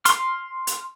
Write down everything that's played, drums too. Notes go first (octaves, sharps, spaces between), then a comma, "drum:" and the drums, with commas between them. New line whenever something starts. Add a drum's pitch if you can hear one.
C6 F6, drum: hi-hat
drum: hi-hat